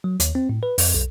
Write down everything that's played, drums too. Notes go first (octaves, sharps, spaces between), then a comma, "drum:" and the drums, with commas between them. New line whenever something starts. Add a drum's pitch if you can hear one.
F#3
D#2, drum: hi-hat
C4
A2
B4
F2, drum: open hi-hat
B1